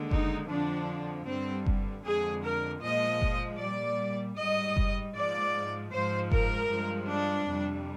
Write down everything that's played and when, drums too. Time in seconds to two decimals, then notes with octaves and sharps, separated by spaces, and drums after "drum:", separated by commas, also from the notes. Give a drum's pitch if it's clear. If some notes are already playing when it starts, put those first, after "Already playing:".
Already playing: D#2 D3 G#3
0.11 D#4, drum: kick F#1
0.50 F2 D3 F3 D4
1.28 G2 D3 G3 C4
1.66 drum: kick F#1
2.05 F2 D3 G#3 G#4
2.44 A#4
2.82 A#2 F3 G#3 D#5
3.21 drum: kick F#1
3.60 A#2 G3 D5
4.37 G#2 G3 D#5
4.77 drum: kick F#1
5.15 G#2 F3 G#3 D5
5.93 G#2 F3 G#3 C5
6.32 A#4, drum: kick F#1
6.70 G2 F3 G#3
7.09 D4
7.48 F2 C3 G3